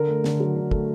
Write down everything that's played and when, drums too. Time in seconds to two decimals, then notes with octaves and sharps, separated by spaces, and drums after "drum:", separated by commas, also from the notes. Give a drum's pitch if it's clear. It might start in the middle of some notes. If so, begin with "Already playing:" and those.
Already playing: D3 A#4
0.08 A3
0.24 D3, drum: snare
0.40 F#3
0.56 D3
0.71 A3, drum: kick